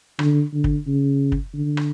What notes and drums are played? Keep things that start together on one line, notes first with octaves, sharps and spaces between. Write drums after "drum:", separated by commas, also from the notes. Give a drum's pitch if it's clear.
D3, drum: rim click
D3
drum: kick
C#3
drum: kick
D3
drum: rim click